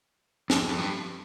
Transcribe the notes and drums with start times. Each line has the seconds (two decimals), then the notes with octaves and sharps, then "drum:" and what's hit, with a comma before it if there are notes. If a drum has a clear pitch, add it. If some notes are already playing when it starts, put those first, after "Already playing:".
0.50 F2, drum: snare
0.68 F2
0.78 G2